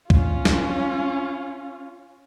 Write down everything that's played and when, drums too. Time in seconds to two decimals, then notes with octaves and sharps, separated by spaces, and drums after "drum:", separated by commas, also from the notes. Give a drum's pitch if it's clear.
0.10 C#4 F4, drum: kick C2
0.45 drum: snare